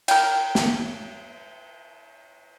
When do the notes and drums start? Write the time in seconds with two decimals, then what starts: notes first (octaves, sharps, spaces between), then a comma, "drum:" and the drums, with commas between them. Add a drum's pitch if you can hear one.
0.08 A#4 G5, drum: cymbal
0.55 drum: snare